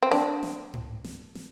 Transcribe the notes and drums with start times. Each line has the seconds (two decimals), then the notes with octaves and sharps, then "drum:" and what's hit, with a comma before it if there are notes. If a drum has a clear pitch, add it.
0.03 C4
0.11 D4, drum: snare
0.43 drum: snare
0.74 drum: tom G#2
1.04 drum: snare
1.35 drum: snare